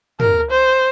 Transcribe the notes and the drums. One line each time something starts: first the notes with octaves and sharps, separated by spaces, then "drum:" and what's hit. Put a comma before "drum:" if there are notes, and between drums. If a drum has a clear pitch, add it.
A#4, drum: tom
C5